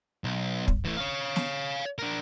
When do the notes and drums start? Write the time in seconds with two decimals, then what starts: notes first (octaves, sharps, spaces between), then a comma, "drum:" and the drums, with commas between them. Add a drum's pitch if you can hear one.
0.24 B1
0.68 drum: kick
0.85 E3 A3
0.97 C#5 F5
1.36 drum: snare
1.99 D4 A#4